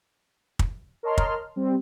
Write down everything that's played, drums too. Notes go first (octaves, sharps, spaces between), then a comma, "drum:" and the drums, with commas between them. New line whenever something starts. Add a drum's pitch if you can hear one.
drum: kick
A#4 C#5 D#5 A5 C6 F6
drum: kick
G3 C4